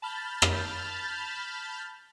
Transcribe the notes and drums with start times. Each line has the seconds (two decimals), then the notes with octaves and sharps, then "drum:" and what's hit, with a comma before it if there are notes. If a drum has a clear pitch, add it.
0.02 A5 B5 F6 G6 A6
0.42 drum: rim click